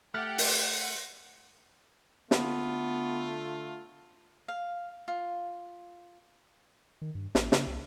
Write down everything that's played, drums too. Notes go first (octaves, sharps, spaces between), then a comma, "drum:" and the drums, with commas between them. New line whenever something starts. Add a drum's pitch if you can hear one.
A3 G4 F#5 F6 A6 B6
drum: open hi-hat
D3 A3 B3 F4, drum: snare
F5
F4
D#3
G2
A1, drum: snare
C#3, drum: snare
C2